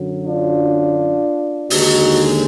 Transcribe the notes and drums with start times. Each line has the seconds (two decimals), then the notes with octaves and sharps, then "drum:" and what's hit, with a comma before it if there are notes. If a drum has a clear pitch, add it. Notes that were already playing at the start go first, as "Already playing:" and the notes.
Already playing: F#2 D3 F#3
0.23 D4 F4
1.70 D#2 D3 G#3 D#4 F#4, drum: open hi-hat